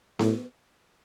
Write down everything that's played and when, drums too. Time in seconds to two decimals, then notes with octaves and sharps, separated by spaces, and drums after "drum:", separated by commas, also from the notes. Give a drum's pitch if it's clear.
0.19 A2, drum: snare B3